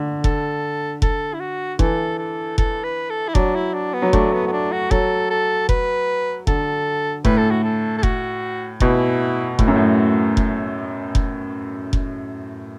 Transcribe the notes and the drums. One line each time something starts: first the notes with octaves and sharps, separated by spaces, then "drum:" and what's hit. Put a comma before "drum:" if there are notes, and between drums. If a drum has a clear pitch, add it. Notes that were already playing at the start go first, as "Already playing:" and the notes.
Already playing: D3
A4, drum: kick F1
A4, drum: kick F1
E4
F#4
E3 A4, drum: kick F1
A4
A4, drum: kick F1
B4
A4
E4
F#3 D4, drum: kick F1
E4
D4
B3
F#3
A3 D4, drum: kick F1
B3
B3
D4
F#4
F#3 A4, drum: kick F1
A4
B4, drum: kick F1
D3 A4, drum: kick F1
A2 B4, drum: kick F1
A4
F#4
A4
A4
F#4, drum: kick F1
B2 E4, drum: kick F1
A2 F#4, drum: kick F1
F#2
A2
drum: kick F1
drum: kick F1
drum: kick F1